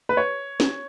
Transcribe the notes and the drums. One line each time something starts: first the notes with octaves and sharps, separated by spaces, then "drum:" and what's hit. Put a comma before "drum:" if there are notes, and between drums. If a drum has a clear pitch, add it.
B4
C#5
drum: snare